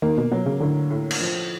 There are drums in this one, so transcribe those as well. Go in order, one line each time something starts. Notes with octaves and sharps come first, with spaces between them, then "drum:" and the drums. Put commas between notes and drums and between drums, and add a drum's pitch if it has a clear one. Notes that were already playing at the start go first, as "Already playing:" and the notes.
D#3 A#3
B2
B2 F#3
C#3
A2 D3
A2
drum: cymbal
F3